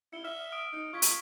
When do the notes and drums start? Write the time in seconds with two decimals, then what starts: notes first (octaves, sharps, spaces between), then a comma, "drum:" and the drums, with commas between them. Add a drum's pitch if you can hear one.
0.13 E4 C#7 G7
0.24 E5 F6
0.52 D#6 F6 D7
0.73 D#4
0.93 F4 C#6 G#6 B6
1.02 drum: hi-hat